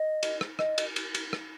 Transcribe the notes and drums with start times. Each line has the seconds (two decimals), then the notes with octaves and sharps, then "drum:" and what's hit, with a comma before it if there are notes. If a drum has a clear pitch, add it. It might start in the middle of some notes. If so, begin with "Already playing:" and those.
Already playing: D#5
0.23 drum: cymbal
0.41 drum: rim click
0.59 D#5, drum: rim click
0.78 drum: cymbal
0.96 drum: cymbal
1.15 drum: cymbal
1.33 drum: rim click